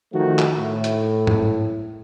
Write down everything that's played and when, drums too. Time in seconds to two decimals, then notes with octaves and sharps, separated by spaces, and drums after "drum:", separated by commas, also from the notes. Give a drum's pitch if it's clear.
0.13 D#3 F3 A3 F#4
0.39 drum: clap
0.59 A2
0.84 drum: hi-hat
1.27 drum: tom G#2